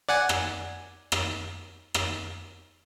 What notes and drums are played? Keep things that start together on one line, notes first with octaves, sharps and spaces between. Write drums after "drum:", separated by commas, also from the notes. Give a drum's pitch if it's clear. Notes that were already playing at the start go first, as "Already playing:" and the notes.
D5 F#5 G#5
drum: rim click
drum: rim click
drum: rim click